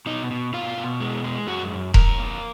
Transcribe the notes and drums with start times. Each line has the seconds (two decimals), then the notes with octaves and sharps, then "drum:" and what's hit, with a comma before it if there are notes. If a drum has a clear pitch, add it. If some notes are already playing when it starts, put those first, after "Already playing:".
0.06 B2 D#4 D#5
0.31 B2
0.53 B2 F4 F5
0.78 B2
1.01 G#3
1.24 G#3
1.47 F#2 F#4 F#5
1.72 F#2
1.94 F2 A#4 A#5, drum: kick E1
2.18 A#3